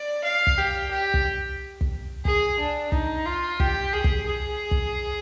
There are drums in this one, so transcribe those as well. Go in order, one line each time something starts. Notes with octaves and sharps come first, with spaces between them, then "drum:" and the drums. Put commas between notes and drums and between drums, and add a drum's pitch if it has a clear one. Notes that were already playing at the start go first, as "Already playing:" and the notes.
Already playing: D5
F5
drum: kick
G4
G4
drum: kick
drum: kick
G#4, drum: kick
D4
D#4, drum: kick
F4
G4, drum: kick
G#4
drum: kick
G#4
drum: kick